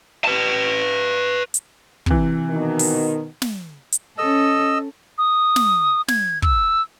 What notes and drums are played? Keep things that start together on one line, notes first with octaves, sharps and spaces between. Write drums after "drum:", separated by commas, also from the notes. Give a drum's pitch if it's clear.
B4 A5
drum: hi-hat
C3 E3, drum: kick
B2 D#3
drum: open hi-hat
drum: snare
drum: hi-hat
C#4 A4 D#5 E6
D#6
drum: snare
G#6, drum: snare
E6, drum: kick